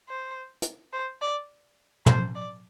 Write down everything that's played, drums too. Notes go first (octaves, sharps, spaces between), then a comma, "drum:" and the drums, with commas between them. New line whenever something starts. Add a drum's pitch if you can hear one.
C5
drum: hi-hat
C5
D5
C5, drum: tom
D5